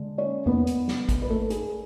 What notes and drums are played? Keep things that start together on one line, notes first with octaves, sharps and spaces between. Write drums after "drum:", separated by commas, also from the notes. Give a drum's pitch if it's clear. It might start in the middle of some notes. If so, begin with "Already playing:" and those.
Already playing: D3 G#3
C#4 C#5
B3 B4, drum: tom E2
drum: hi-hat
drum: snare
drum: kick G#1, hi-hat
B4
A3 A4
G#4, drum: hi-hat